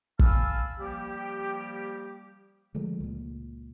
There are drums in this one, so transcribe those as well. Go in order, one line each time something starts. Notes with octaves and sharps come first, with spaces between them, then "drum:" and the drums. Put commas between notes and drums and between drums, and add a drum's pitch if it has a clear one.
F5 G#5 A5 B5 E6 F6, drum: kick
F3 G3 A#3 G4
D3 F3 G#3 A3
C#2 A#2